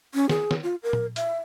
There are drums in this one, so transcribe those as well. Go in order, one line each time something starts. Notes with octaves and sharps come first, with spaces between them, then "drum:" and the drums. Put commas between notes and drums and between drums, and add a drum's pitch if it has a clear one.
C#4
G#4, drum: snare
drum: snare
F4
A#4
drum: tom A#2
E5, drum: hi-hat